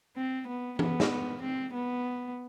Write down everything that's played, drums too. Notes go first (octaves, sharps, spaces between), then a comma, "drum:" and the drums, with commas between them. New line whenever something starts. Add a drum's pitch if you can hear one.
C4
B3
B3, drum: tom E3
drum: snare
C4
B3